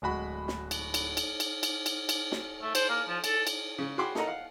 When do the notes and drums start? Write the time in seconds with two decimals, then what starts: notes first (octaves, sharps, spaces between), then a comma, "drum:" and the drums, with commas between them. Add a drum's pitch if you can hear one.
0.02 D1 G#3 F#4 B5
0.48 drum: snare
0.71 drum: cymbal
0.94 drum: cymbal
1.17 drum: cymbal
1.40 drum: cymbal
1.63 drum: cymbal
1.86 drum: cymbal
2.09 drum: cymbal
2.32 drum: snare
2.62 A3
2.75 C5, drum: cymbal
2.89 A#3
3.08 F3
3.24 A4, drum: cymbal
3.47 drum: cymbal
3.78 C#3
3.98 F#4 G#4 G5 B5 C6 D6
4.15 D#4 A4 A#4 D#5 F#5 A#5, drum: snare
4.27 F5 F#5